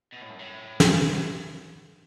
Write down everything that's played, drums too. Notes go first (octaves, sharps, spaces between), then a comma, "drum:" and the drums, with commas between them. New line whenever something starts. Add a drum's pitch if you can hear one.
B2
A2
F#2
A2
drum: snare
F#2
A2